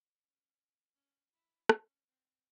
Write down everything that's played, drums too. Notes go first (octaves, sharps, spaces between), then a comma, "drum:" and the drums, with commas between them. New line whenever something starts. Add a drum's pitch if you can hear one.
C#4
C#4
E4
C#4, drum: rim click
C4